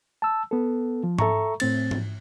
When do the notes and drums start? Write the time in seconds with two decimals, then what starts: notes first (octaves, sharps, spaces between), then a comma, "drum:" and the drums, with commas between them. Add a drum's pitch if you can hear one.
0.22 A5 E6
0.51 B3 A4
1.04 F3
1.19 A4 E5 A#5 C#6, drum: tom G#2
1.60 A2 C4 A6, drum: cymbal
1.91 drum: tom G#2